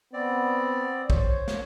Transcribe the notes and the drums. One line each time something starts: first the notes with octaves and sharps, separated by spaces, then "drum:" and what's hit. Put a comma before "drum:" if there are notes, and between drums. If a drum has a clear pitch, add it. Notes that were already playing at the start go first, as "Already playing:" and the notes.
B3 C4 D5
C5 C#5, drum: kick
drum: snare